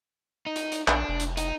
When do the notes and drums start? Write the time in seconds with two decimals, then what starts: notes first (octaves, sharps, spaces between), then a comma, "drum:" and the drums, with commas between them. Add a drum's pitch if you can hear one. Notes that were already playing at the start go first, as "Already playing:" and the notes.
0.46 D#4
0.56 drum: hi-hat
0.72 drum: hi-hat
0.88 A#1 D4, drum: clap
1.09 F1
1.20 drum: hi-hat
1.37 D#4, drum: hi-hat